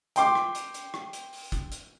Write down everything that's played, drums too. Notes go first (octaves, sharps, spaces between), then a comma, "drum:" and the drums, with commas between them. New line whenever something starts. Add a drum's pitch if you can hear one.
G5 C6 D6, drum: hi-hat
drum: rim click
drum: hi-hat
drum: hi-hat
drum: rim click
drum: hi-hat
drum: open hi-hat
drum: kick, hi-hat
drum: hi-hat